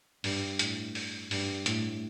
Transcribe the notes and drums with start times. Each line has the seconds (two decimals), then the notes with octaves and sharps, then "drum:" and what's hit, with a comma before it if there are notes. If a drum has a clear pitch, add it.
0.24 G2, drum: open hi-hat
0.59 A2, drum: hi-hat
0.95 drum: open hi-hat
1.31 G2, drum: open hi-hat
1.66 A2, drum: hi-hat